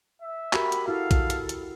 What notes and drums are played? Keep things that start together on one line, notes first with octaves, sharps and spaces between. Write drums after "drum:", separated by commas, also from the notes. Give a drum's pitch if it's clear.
E5
F#4 G4 A#4 B5, drum: clap
drum: hi-hat
E4 F#4 A4 F5
drum: kick A#1, hi-hat
drum: hi-hat
drum: hi-hat